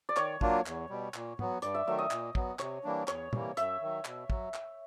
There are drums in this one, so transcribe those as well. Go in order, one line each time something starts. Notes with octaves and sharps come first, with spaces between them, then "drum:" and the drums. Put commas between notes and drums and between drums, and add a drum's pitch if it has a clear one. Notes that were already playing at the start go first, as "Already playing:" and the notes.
D5
D#3 C#5, drum: clap
F#3 A#3 D4 F4, drum: kick
E2, drum: clap
B2 G3
A#2, drum: clap
F#3 B3, drum: tom
G2 D5, drum: hi-hat
E5
D#3 F#3 A3 E5
D#5
A#2, drum: clap
F#3 B3, drum: kick
C3 C#5, drum: clap
E3 G3 A#3 D4
E2 C#5, drum: clap
C3 E3 G3 A#3, drum: tom
F#2 E5, drum: hi-hat
D#3 F#3
B2, drum: clap
F#3, drum: kick
drum: clap